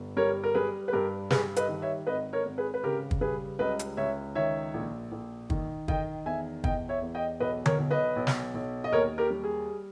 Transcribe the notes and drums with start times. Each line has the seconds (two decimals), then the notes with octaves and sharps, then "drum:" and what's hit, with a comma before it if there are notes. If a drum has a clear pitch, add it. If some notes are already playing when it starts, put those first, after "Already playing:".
Already playing: G1
0.17 G3 A#4 C#5
0.43 A#4
0.55 G3 G#4 B4
0.88 B4
0.93 G2 G4 A#4
1.30 G3 G#4 B4, drum: snare
1.56 B4 D#5, drum: hi-hat
1.69 D#3
1.82 C#5 E5
2.07 G#1 B4 D#5
2.33 A#4 C#5
2.45 G#1
2.58 G#4 B4
2.74 B4
2.84 C#3 G4 A#4
3.11 drum: kick
3.21 G3 G#4 B4
3.59 C#2 B4 D#5
3.79 drum: hi-hat
3.97 C#2 C#5 E5
4.35 D#3 C#5 E5
4.74 A#1
5.12 A#1
5.50 D#3, drum: kick
5.88 D#3 D#5 G5, drum: kick
6.26 E2 E5 G#5
6.64 E2 D#5 G5, drum: kick
6.89 C#5 E5
7.02 E2
7.15 D#5 G5
7.40 B1 B4 D#5
7.66 A#4 C#5, drum: tom D3
7.78 B1
7.91 B4 D#5
8.16 B1
8.27 drum: snare
8.54 B1
8.84 D#5
8.92 D#2 A#4 C#5
9.18 G4 A#4
9.30 G3
9.44 G#4